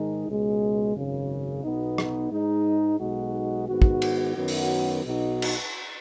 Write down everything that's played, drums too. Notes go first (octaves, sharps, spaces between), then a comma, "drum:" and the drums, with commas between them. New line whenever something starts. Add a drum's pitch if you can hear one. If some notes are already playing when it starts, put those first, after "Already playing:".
Already playing: G#2 D#3 G#3 D#4
C#2 B2 G#3
G#1 F#2 C#3
B1 B2 B3 D#4
drum: rim click
G#2 G#3 D#4
B1 B2 G#3 D#4 F#4
G#2 D#3 B3 F#4
drum: kick
drum: cymbal
F#2 D#3 F#3 B3 F#4
drum: open hi-hat
B1 B2 B3 D#4 F#4
drum: cymbal